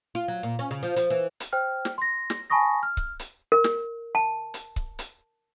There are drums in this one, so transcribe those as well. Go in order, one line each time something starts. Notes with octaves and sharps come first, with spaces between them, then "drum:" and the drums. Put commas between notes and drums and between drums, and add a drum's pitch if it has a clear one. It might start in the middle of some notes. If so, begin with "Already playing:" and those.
F4
F#3
A#2
C#4
C#3
F3
F3, drum: hi-hat
E3
drum: hi-hat
C5 G5 F6
drum: snare
C6 A#6
drum: snare
G#5 A5 B5 C#6 D#6 A#6
F6
drum: kick C#1
drum: hi-hat
A#4
drum: snare
A5
drum: hi-hat
drum: kick C#1
drum: hi-hat